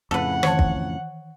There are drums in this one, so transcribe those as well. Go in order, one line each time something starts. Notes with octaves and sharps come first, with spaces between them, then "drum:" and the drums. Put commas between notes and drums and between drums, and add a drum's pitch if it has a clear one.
F2 A2 C#3 A4 B4 F#5
D#3 E3 C#5 A5, drum: rim click
drum: kick